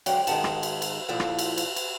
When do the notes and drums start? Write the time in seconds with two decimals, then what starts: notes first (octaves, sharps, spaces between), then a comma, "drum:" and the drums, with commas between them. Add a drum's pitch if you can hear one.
0.06 D3 F#3 G#3 F5 G5, drum: cymbal
0.27 G#2 D#3 G#4 F#5 A5, drum: cymbal
0.44 drum: rim click
0.63 drum: cymbal
0.82 drum: cymbal
1.08 A#2 F3 E4 A4 F5 F#5
1.20 drum: rim click
1.39 drum: cymbal
1.58 drum: cymbal
1.76 drum: cymbal